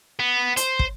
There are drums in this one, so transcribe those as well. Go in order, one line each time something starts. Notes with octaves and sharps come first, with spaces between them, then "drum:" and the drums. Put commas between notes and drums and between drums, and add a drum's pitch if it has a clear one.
B3
C5, drum: hi-hat
drum: kick